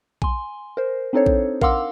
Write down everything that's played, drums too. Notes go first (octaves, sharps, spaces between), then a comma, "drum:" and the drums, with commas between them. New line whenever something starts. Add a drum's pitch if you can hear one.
G#5 C6, drum: kick A#1
A#4 C5
C4 D4 D#4 A4 C5 C#5
drum: kick A#1
A#4 F5 F#5 C6 D6 E6, drum: kick A#1